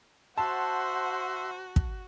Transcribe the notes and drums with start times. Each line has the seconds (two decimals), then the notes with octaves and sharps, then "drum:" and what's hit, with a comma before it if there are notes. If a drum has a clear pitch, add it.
0.38 F#4 C5 E5 F#5 A5 C6
1.76 drum: kick